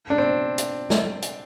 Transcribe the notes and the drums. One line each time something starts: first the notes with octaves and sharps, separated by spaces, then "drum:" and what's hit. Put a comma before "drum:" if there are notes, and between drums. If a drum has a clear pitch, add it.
D4
C4
drum: hi-hat
drum: snare
drum: hi-hat